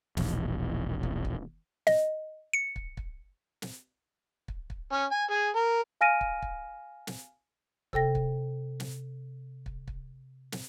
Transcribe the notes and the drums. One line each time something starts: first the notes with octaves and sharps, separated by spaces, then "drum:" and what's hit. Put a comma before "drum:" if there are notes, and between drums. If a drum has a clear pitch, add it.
E1 A#1, drum: snare
drum: kick
drum: kick
D#5, drum: snare
C#7
drum: kick
drum: kick
drum: snare
drum: kick
drum: kick
C#4
G#5
G#4
A#4
F5 G#5 F6 A#6 D7 D#7
drum: kick
drum: kick
drum: snare
C3 A4 G5 A#6, drum: kick
drum: kick
drum: snare
drum: kick
drum: kick
drum: snare